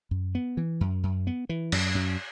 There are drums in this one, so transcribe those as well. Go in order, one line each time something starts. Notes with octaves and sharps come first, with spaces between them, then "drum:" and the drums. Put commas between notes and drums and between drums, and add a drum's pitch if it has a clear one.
F#2
B3
E3
F#2
F#2
B3
E3
F#2, drum: cymbal
F#2